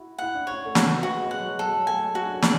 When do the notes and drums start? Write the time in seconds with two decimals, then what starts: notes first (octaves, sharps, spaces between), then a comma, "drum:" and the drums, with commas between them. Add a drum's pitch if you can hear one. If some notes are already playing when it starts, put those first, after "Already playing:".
Already playing: E4 F#4
0.18 E4 F#5
0.35 D4
0.47 C#4 C#5
0.65 A3
0.75 F#4, drum: snare
0.84 B3
1.03 G#3 F#4
1.22 G#3
1.31 F#5
1.40 F#3
1.59 F#3 A4
1.77 F#3
1.87 A3 G#5
1.97 G#3
2.15 A3 F#4
2.26 D4
2.34 C#4
2.42 B3 D5, drum: snare